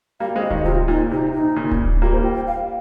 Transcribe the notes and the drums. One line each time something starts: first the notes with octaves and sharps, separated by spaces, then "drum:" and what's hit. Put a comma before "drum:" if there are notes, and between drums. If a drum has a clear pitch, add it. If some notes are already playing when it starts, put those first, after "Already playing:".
G3 A#3 F5
G#3 C4
D#5
D#3 G3, drum: kick D1
C3 F4
A#2 D#4
C3 D#4
D#4
A#2 C#3
drum: kick D1
G3 A#3 F4
C5
G5
G5
F5